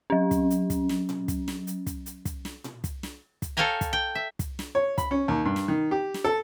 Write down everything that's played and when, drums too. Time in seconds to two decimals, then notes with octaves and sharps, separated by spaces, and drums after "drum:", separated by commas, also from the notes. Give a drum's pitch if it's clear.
0.10 F#3 C#4
0.31 drum: kick, hi-hat
0.50 drum: hi-hat
0.70 drum: kick, hi-hat
0.89 drum: snare
1.09 drum: tom A#2
1.28 drum: kick, hi-hat
1.48 drum: snare
1.67 drum: hi-hat
1.87 drum: kick, hi-hat
2.06 drum: hi-hat
2.25 drum: kick, hi-hat
2.45 drum: snare
2.64 drum: tom A#2
2.84 drum: kick, hi-hat
3.03 drum: snare
3.42 drum: kick, hi-hat
3.57 A4 C#5 F5 G5 G#5 A#5
3.81 drum: kick, hi-hat
3.93 G5
4.15 E5
4.39 drum: kick, hi-hat
4.59 drum: snare
4.75 C#5
4.98 B5, drum: kick, hi-hat
5.11 C#4
5.28 D#2
5.45 G2
5.56 drum: snare
5.68 D#3
5.91 G4
6.14 drum: snare
6.25 A4